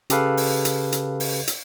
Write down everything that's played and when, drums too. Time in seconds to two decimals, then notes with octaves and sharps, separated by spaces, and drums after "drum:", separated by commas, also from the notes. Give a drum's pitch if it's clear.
0.10 C#3 G4 A4 B4 F5, drum: hi-hat
0.37 drum: open hi-hat
0.65 drum: hi-hat
0.92 drum: hi-hat
1.20 drum: open hi-hat
1.47 drum: hi-hat